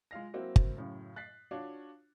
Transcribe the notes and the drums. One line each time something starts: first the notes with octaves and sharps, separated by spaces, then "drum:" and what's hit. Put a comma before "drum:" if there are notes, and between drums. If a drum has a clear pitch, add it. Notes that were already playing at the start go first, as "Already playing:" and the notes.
G#3 F4 F5 A#6
F#3 A#3 C4 E4 F#4
drum: kick G1
F#2 A2 C#3
F#6 A6 B6 C7
D4 F4 F#4 C#5